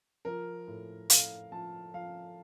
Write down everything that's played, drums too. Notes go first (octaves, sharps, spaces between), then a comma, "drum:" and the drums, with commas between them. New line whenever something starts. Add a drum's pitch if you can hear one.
F3 A#4
A2
A2 F5, drum: hi-hat
F3 A5
F3 F5